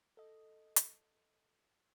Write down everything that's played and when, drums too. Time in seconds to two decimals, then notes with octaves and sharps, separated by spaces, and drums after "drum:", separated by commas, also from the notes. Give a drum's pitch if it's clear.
0.17 A4 D#5
0.76 drum: hi-hat